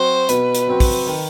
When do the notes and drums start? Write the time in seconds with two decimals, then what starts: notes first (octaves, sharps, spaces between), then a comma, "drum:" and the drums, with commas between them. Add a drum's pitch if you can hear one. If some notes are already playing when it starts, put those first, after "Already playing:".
Already playing: F#3 C4 F#4 C5
0.29 B2 B4, drum: hi-hat
0.55 drum: hi-hat
0.67 F#3 C4 F#4
0.80 drum: kick, open hi-hat
1.07 D#3